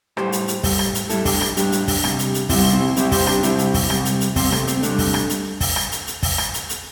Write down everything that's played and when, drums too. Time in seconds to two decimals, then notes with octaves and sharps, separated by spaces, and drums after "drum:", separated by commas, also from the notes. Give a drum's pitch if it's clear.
0.17 A2 G3 G4 C5, drum: rim click
0.32 drum: hi-hat
0.48 drum: hi-hat
0.64 A2 G3, drum: kick, open hi-hat
0.79 drum: rim click
0.94 drum: hi-hat
1.09 A2 G3 E4 A4, drum: hi-hat
1.25 D4 G4, drum: kick, open hi-hat
1.41 drum: rim click
1.57 A2 G3 D4 G4, drum: hi-hat
1.72 drum: hi-hat
1.88 drum: kick, open hi-hat
2.04 C3 G3, drum: rim click
2.19 drum: hi-hat
2.34 drum: hi-hat
2.49 C3 G3 C4 E4, drum: kick, open hi-hat
2.73 C4 E4
2.96 C3 G3 C4 E4, drum: hi-hat
3.12 G4 C5, drum: kick, open hi-hat
3.27 D4 G4, drum: rim click
3.43 C3 G3 C4 E4, drum: hi-hat
3.59 drum: hi-hat
3.74 drum: kick, open hi-hat
3.90 C3 G3, drum: rim click
4.05 drum: hi-hat
4.21 drum: hi-hat
4.36 C3 G3 C4, drum: kick, open hi-hat
4.52 A3, drum: rim click
4.67 C4, drum: hi-hat
4.83 C3 G3 A3 D4, drum: hi-hat
4.98 drum: kick, open hi-hat
5.14 drum: rim click
5.29 drum: hi-hat
5.61 drum: kick, open hi-hat
5.76 drum: rim click
5.92 drum: hi-hat
6.07 drum: hi-hat
6.23 drum: kick, open hi-hat
6.38 drum: rim click
6.54 drum: hi-hat
6.69 drum: hi-hat